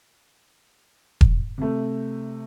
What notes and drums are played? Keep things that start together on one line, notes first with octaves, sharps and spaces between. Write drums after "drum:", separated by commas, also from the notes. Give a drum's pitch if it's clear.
drum: kick E1
C3 A3